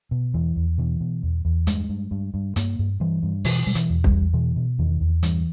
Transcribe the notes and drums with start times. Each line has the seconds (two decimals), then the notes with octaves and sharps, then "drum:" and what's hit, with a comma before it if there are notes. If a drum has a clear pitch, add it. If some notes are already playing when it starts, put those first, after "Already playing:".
0.11 B2
0.34 E2 E3
0.56 E2
0.78 B2 E3
1.00 B2
1.23 E2
1.45 E2
1.67 G2 G#3, drum: hi-hat
1.89 G2
2.11 G2
2.34 G2
2.56 G2 A#3, drum: hi-hat
2.79 G2
3.00 G2 E3
3.23 G2
3.45 B2 E3, drum: open hi-hat
3.67 B2 G3
3.75 E3, drum: hi-hat
3.90 E2
4.04 G3, drum: kick
4.11 E2
4.33 B2 E3
4.56 B2
4.79 E2 D#3
5.01 E2
5.23 G2 E3, drum: hi-hat